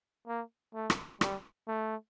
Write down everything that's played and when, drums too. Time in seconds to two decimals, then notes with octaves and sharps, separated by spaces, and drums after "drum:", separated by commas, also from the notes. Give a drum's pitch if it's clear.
0.27 A#3
0.74 A3
0.90 drum: rim click
1.21 G3, drum: rim click
1.68 A3